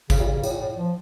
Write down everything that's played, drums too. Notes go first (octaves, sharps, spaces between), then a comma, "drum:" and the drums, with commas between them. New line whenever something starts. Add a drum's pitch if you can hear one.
C#3, drum: kick G#1, tambourine
A#2
C#3
A2, drum: tambourine
A#2
A2
F3